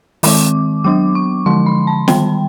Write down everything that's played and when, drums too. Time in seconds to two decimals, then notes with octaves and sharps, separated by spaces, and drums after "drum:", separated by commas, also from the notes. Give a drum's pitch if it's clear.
0.23 D#3 G#3 C4 D6, drum: open hi-hat
0.84 F#3 B3 D4 D6
1.15 C#6
1.46 D3 F3 G#3 C6
1.66 B5
1.87 A5
2.08 D#3 G3 B3 G5, drum: snare